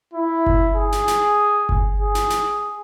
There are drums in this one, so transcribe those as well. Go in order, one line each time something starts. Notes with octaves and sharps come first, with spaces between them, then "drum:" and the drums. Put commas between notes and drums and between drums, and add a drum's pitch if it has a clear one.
E4
drum: kick G1
G#4
drum: snare
drum: snare
drum: kick G1
G#4
drum: snare
drum: snare